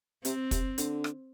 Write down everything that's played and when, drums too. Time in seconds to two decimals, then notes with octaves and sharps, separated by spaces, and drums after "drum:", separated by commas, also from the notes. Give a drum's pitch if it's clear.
0.25 C3 C4, drum: hi-hat
0.51 C3, drum: kick, hi-hat
0.78 D3, drum: hi-hat
1.04 drum: rim click